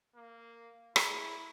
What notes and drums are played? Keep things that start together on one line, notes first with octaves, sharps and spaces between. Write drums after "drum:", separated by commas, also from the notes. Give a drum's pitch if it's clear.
A#3
E4 G#4 A5 A#5, drum: rim click